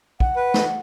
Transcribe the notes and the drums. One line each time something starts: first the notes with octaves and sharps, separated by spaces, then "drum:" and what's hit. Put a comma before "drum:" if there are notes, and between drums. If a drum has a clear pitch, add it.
F#5, drum: kick
B4
drum: snare